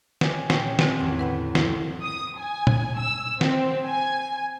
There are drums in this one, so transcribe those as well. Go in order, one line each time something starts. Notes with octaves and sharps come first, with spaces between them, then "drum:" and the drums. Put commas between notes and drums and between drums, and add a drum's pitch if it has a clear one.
G4 B4 C#5 G#5, drum: snare
A#2 C#4 C#5 G5, drum: snare
D3 C4 G#5, drum: snare
G#1 E2
A2 E4 B4 F#5 B5
G1 C2 F3 E4, drum: snare
D#6
G#5
drum: tom
E6
C4, drum: snare
G#5